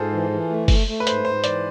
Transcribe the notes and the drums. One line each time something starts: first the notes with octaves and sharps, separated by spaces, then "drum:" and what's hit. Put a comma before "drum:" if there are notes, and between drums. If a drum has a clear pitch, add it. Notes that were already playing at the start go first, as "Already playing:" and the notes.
Already playing: G#2 F4 G#4 A4 C5
E3
E3
A3
A3, drum: kick F#1, open hi-hat
A3
B4
G#2 C5, drum: hi-hat
G#2 C5
E3 D5, drum: hi-hat